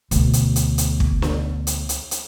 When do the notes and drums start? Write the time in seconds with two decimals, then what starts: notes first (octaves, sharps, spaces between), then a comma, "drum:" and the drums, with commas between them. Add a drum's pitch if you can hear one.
0.11 D2 B2, drum: hi-hat
0.33 drum: hi-hat
0.56 drum: hi-hat
0.78 drum: hi-hat
1.00 drum: kick
1.22 drum: snare
1.67 drum: hi-hat
1.89 drum: hi-hat
2.11 drum: hi-hat